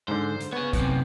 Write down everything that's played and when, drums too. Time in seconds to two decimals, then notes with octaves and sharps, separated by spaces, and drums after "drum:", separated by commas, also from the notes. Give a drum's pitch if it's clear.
0.08 G#2 D3 C5
0.41 drum: hi-hat
0.53 B3 G#4 C#5
0.73 F#2 C3, drum: kick, hi-hat